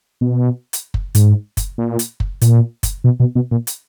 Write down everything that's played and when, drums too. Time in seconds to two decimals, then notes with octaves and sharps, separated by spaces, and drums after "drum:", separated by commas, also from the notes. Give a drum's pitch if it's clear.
0.21 B2
0.73 drum: hi-hat
0.94 drum: kick F#1
1.15 G#2, drum: hi-hat
1.57 drum: kick F#1, hi-hat
1.78 A#2
1.99 drum: hi-hat
2.20 drum: kick F#1
2.41 A#2, drum: hi-hat
2.83 drum: kick F#1, hi-hat
3.04 B2
3.20 B2
3.35 B2
3.51 A#2
3.67 drum: hi-hat